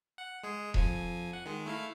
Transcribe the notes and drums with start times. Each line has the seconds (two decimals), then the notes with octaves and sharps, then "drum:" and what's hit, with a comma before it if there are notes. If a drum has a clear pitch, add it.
0.18 F#5
0.44 G#3 G#4
0.74 F2 F3 G#5, drum: kick E1
1.33 F#5
1.46 D#3 G#3
1.66 A3 E4 F5